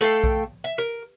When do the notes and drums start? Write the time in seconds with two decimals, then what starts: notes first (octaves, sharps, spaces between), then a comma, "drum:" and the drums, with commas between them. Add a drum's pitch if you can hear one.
0.01 A3 A4 F5 G5
0.24 drum: kick B1
0.64 E5
0.78 A#4